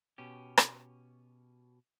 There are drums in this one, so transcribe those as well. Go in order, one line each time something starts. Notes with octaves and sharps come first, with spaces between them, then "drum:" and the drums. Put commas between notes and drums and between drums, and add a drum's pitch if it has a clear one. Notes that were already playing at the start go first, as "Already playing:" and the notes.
B2 C#4 G4
drum: rim click